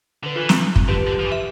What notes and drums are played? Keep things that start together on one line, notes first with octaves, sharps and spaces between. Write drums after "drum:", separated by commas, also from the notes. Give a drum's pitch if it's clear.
D3 B4
E3 F4 A4
drum: snare
drum: kick
D3 G4 B4
D3
F3
E3
E5